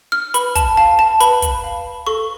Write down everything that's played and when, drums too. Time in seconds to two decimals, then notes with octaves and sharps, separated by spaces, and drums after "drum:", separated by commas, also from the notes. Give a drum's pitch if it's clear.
0.12 F6
0.34 B4 B5, drum: hi-hat
0.55 A5, drum: kick, hi-hat
0.77 F5 A5
0.99 A5
1.20 B4 B5, drum: hi-hat
1.42 drum: kick, hi-hat
1.64 F5
2.07 A4 C#6